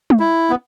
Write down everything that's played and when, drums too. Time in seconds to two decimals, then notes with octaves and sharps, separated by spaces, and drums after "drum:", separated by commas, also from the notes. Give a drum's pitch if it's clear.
0.10 drum: tom
0.19 E4
0.50 B3